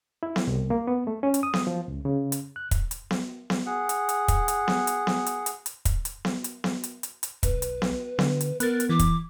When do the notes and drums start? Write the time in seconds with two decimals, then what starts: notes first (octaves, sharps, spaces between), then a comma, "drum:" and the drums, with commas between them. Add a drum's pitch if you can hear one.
0.23 E4
0.36 drum: snare B3
0.47 C2
0.70 A#3
0.87 B3
1.07 A3
1.23 C#4
1.34 drum: hi-hat
1.43 D#6
1.54 drum: snare B3
1.67 F3
1.88 C#2
2.05 C#3
2.32 drum: hi-hat
2.56 F#6
2.71 drum: kick, hi-hat
2.91 drum: hi-hat
3.11 drum: snare B3
3.50 drum: snare B3
3.66 G#4 F#5
3.89 drum: hi-hat
4.09 drum: hi-hat
4.28 drum: kick, hi-hat
4.48 drum: hi-hat
4.68 drum: snare B3
4.87 drum: hi-hat
5.07 drum: snare B3
5.26 drum: hi-hat
5.46 drum: hi-hat
5.66 drum: hi-hat
5.85 drum: kick, hi-hat
6.05 drum: hi-hat
6.25 drum: snare B3
6.44 drum: hi-hat
6.64 drum: snare B3
6.84 drum: hi-hat
7.03 drum: hi-hat
7.23 drum: hi-hat
7.43 B1 B4, drum: kick, hi-hat
7.62 drum: hi-hat
7.82 drum: snare B3
8.19 D3, drum: snare B3
8.41 drum: hi-hat
8.60 B3 A#4 F#6 A6, drum: hi-hat
8.80 drum: hi-hat
8.89 E3 D6
8.99 drum: kick, hi-hat